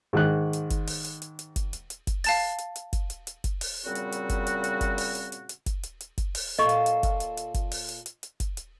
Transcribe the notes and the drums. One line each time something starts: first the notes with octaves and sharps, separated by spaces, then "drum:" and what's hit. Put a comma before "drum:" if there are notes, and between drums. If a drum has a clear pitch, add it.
G#2 D#3 F#6
drum: hi-hat
drum: kick, hi-hat
drum: open hi-hat
drum: hi-hat
drum: hi-hat
drum: hi-hat
drum: kick, hi-hat
drum: hi-hat
drum: hi-hat
drum: kick, hi-hat
F5 A5 A6, drum: open hi-hat
drum: hi-hat
drum: hi-hat
drum: kick, hi-hat
drum: hi-hat
drum: hi-hat
drum: kick, hi-hat
drum: open hi-hat
A#2 C#3 G3 C4 F#4
drum: hi-hat
drum: hi-hat
drum: kick, hi-hat
drum: hi-hat
drum: hi-hat
drum: kick, hi-hat
drum: open hi-hat
drum: hi-hat
drum: hi-hat
drum: hi-hat
drum: kick, hi-hat
drum: hi-hat
drum: hi-hat
drum: kick, hi-hat
drum: open hi-hat
A#2 F4 A4 D#5 C#6
drum: hi-hat
drum: hi-hat
drum: kick, hi-hat
drum: hi-hat
drum: hi-hat
drum: kick, hi-hat
drum: open hi-hat
drum: hi-hat
drum: hi-hat
drum: hi-hat
drum: kick, hi-hat
drum: hi-hat